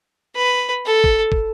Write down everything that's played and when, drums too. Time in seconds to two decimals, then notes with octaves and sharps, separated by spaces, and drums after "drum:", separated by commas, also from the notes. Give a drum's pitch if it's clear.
0.36 B4
0.85 A4
1.04 drum: kick
1.32 drum: kick